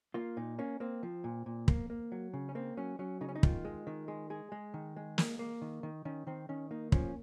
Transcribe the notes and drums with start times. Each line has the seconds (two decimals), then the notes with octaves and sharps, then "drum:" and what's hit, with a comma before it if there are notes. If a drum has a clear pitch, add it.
0.14 A#3 F4
0.37 A#2 D#4
0.59 A#3 C#4
0.80 A#3 C4
1.03 F3
1.24 A#2
1.46 A#2
1.68 A#3, drum: kick
1.90 A#3
2.12 F#3
2.33 C#3
2.49 C#4
2.55 A#3 C4
2.77 F#3 C#4
2.99 F#3 C#4
3.21 C#3 D#4
3.29 C#4
3.36 D#4
3.43 D#3 F4, drum: kick
3.65 G#3
3.87 D#3
4.08 G#3
4.30 G#3 G#4
4.52 G#3
4.74 D#3
4.96 G#3
5.18 A#3, drum: snare
5.39 A#3
5.62 D#3
5.83 D#3
6.05 D#3 C#4
6.27 D#3 C4
6.49 D#3 C#4
6.71 A#3 D#4
6.92 F3 C#4, drum: kick